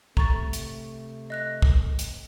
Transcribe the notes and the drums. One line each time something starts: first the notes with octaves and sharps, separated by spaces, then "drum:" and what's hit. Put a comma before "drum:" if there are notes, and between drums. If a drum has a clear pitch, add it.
C3 A3 A#5 C#6 A6, drum: kick
drum: hi-hat
D#5 F#6 A#6
drum: kick
drum: hi-hat